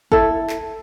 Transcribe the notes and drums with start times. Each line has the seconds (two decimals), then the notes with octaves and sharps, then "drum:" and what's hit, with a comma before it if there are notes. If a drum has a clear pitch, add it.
0.12 E4 A4, drum: kick
0.49 drum: clap